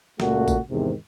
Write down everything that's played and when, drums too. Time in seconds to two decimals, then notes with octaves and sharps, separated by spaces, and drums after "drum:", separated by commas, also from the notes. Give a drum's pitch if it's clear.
0.20 C#2 A#2 A3 F#4, drum: snare
0.48 drum: kick, tambourine
0.70 E2 G#2 C3 D#3